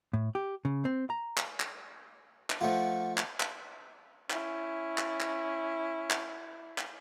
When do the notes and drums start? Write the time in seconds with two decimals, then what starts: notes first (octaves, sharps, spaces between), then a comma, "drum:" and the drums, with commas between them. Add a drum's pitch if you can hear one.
0.13 A2
0.35 G4
0.65 C#3
0.85 C4
1.10 A#5
1.37 drum: clap
1.60 drum: clap
2.50 drum: clap
2.61 F3 A3 F4 F#5
3.18 drum: clap
3.40 drum: clap
4.30 C#4 E4, drum: clap
4.98 drum: clap
5.20 drum: clap
6.10 drum: clap
6.78 drum: clap